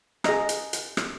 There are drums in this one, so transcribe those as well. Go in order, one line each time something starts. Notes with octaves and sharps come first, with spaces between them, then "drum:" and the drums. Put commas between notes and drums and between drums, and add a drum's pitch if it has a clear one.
G#4 D#5 A#5, drum: rim click
drum: hi-hat
drum: hi-hat
drum: rim click